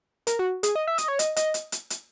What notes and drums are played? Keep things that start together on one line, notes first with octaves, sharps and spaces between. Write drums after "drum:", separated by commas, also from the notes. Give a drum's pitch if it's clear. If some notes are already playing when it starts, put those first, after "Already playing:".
A#4, drum: hi-hat
F#4
G#4, drum: hi-hat
D#5
E5
D#5, drum: hi-hat
C#5
D#5, drum: hi-hat
D#5, drum: hi-hat
drum: hi-hat
drum: hi-hat
drum: hi-hat